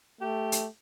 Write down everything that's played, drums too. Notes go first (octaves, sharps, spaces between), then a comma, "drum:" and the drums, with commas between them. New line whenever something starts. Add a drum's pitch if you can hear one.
A3 G4
drum: hi-hat